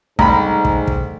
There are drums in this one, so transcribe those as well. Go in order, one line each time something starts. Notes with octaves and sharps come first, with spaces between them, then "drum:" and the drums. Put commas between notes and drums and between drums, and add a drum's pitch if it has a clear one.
C2 G#2 A3 A#5 B5, drum: kick
drum: kick
drum: kick